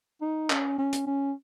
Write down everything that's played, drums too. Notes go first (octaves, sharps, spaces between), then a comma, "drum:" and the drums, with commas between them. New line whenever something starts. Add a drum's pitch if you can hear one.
D#4
C#4, drum: clap
C#4
drum: hi-hat
C#4